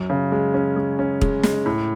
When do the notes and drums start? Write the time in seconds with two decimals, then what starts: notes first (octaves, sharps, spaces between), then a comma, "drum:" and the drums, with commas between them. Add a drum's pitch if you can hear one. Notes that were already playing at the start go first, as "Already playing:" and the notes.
Already playing: F#2
0.10 C#3
0.32 G#3
0.54 C#4
0.76 G#3
0.99 C#4
1.21 G#3, drum: kick
1.43 G#3, drum: snare
1.66 A2